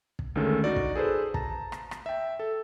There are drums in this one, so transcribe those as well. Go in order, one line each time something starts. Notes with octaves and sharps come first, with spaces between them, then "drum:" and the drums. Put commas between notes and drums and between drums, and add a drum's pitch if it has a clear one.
drum: kick
D2 D#3 G#3 C#4 A4
D#4 F#4 D5
drum: kick
G#4 A4 B4 C5
A5 A#5, drum: kick
drum: rim click
drum: rim click
E5 G5
A4